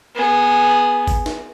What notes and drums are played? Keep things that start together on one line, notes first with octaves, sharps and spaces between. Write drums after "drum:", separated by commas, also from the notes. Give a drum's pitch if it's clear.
B3 G#4
drum: kick, tambourine
drum: snare